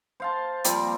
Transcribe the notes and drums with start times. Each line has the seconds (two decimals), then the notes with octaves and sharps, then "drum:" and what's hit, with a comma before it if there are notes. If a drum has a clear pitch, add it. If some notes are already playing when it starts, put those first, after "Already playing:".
0.20 C5 F5 A5
0.64 F3 G3 A#3 C4, drum: hi-hat